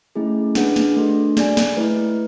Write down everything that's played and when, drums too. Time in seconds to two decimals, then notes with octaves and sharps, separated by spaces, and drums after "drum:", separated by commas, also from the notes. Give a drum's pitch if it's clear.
0.16 A3 C#4 E4 G#4
0.55 D4 G#4 B4 F#5, drum: snare
0.76 drum: snare
0.96 A3 D4 F#4 A4
1.37 G#4 D5 G#5, drum: snare
1.57 drum: snare
1.77 A3 E4 B4